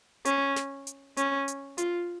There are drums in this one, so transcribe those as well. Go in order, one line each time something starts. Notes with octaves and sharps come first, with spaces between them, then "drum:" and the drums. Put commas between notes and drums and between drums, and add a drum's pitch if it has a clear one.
C#4, drum: hi-hat
drum: snare
drum: hi-hat
C#4, drum: hi-hat
drum: hi-hat
F4, drum: hi-hat